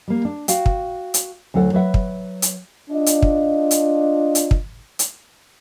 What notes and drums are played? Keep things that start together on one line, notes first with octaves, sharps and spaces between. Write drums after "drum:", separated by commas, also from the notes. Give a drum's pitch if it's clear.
G3 A#3
D4
F#4 F5 G5, drum: hi-hat
drum: kick
drum: hi-hat
D2 F#3 D#4 A4 F#5
F#3 B4 E5 F#5
drum: kick
drum: hi-hat
D4 F4 D#5
drum: hi-hat
drum: kick
drum: hi-hat
drum: hi-hat
drum: kick
drum: hi-hat